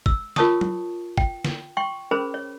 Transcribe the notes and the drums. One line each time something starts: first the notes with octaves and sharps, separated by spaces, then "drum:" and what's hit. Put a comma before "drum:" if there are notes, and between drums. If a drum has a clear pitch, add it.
E6, drum: kick
F4 A#4 C#5 A5 C#6 D#6, drum: snare
drum: tom F#3
G5, drum: kick
drum: snare
G5 C6 C#6
C#4 G#4 A#4 C5 B5
C#5